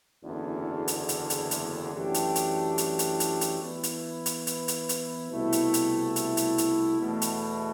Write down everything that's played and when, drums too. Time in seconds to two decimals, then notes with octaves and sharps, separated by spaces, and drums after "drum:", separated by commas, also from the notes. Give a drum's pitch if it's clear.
0.24 F#1 E2 D3
0.88 drum: hi-hat
1.09 drum: hi-hat
1.30 drum: hi-hat
1.51 drum: hi-hat
1.93 F#2 E3 A3 D4 G4
2.14 drum: hi-hat
2.36 drum: hi-hat
2.78 drum: hi-hat
2.99 drum: hi-hat
3.20 drum: hi-hat
3.41 drum: hi-hat
3.62 E3 B3 E4 B4
3.83 drum: hi-hat
4.26 drum: hi-hat
4.47 drum: hi-hat
4.68 drum: hi-hat
4.89 drum: hi-hat
5.31 C2 B2 A3 E4
5.52 drum: hi-hat
5.74 drum: hi-hat
6.16 drum: hi-hat
6.37 drum: hi-hat
6.58 drum: hi-hat
7.00 E2 B2 A3
7.22 drum: hi-hat